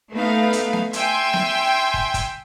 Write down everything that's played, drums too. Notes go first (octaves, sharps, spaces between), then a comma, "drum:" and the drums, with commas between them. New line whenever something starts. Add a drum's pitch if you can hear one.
A3 B3 D#4 B4 F5
drum: hi-hat
drum: snare B3
E5 G5 G#5 C6 E6, drum: hi-hat
drum: snare B3
drum: kick
drum: kick, hi-hat